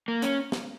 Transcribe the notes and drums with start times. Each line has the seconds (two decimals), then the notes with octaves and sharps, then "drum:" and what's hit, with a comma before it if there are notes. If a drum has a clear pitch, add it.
0.08 A#3
0.22 C#4, drum: hi-hat
0.52 drum: snare